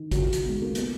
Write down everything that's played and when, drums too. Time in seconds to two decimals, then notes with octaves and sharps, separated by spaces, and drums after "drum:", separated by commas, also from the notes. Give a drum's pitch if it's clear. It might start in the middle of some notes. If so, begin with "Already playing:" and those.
Already playing: D#3
0.12 C#2 F#4, drum: kick, hi-hat
0.33 drum: hi-hat
0.43 B2
0.48 G#3
0.62 A#3
0.75 B3, drum: hi-hat